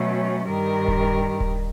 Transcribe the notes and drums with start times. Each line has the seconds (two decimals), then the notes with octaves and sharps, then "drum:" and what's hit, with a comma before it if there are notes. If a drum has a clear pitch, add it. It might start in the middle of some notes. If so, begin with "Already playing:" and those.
Already playing: B2 F#3 A3 C#4
0.49 G2 D#3 G3 A#4
0.88 drum: kick D1
1.40 drum: kick D1